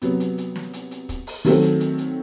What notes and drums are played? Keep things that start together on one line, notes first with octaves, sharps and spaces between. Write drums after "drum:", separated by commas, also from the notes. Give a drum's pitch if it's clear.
C3 F#3 B3, drum: hi-hat
drum: hi-hat
drum: hi-hat
drum: snare
drum: hi-hat
drum: hi-hat
drum: kick, hi-hat
drum: open hi-hat
D#3 F#3 A3 C4, drum: open hi-hat
drum: hi-hat
drum: hi-hat
drum: hi-hat